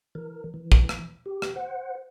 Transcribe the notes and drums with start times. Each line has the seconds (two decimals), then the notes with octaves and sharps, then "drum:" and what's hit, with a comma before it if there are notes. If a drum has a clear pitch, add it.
0.15 E3 A#4
0.54 E3
0.72 drum: kick
0.89 drum: rim click
1.26 G4
1.42 drum: rim click
1.56 C5 F#5